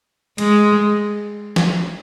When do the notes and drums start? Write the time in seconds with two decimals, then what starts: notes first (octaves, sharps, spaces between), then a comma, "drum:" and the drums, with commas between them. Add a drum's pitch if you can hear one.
0.38 G#3, drum: cymbal
1.56 drum: snare